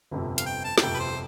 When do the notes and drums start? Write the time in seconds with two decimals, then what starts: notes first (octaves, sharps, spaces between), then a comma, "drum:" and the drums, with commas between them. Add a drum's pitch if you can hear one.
0.11 G1 F2 C3
0.38 F5, drum: hi-hat
0.46 G5
0.64 A5
0.78 A5, drum: snare
0.82 G1 F2 C3 G5
0.94 B4
0.99 C5